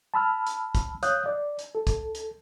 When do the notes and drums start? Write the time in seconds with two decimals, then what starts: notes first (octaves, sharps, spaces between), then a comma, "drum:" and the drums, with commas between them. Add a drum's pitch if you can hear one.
0.14 A5 B5 E6 F6
0.47 drum: hi-hat
0.75 drum: kick, hi-hat
1.03 C#5 F5 D#6 F#6 G6, drum: hi-hat
1.26 D5
1.59 drum: hi-hat
1.75 A4
1.87 drum: kick, hi-hat
2.15 drum: hi-hat